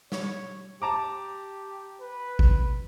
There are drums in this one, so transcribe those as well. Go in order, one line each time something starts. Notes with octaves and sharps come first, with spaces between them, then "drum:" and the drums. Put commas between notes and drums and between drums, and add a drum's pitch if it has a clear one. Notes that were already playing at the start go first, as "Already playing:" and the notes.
C#5, drum: snare
G4 A5 A#5 D6
B4
drum: kick G#1